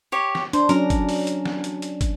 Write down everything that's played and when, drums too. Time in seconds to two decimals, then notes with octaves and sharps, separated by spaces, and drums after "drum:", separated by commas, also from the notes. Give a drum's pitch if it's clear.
0.12 G4 C#5
0.35 drum: snare
0.53 D4 C5, drum: hi-hat
0.69 F#3 C#4 D4 A#4, drum: hi-hat
0.90 drum: kick, hi-hat
1.09 drum: open hi-hat
1.27 drum: hi-hat
1.45 drum: snare
1.64 drum: hi-hat
1.82 drum: hi-hat
2.01 drum: kick, hi-hat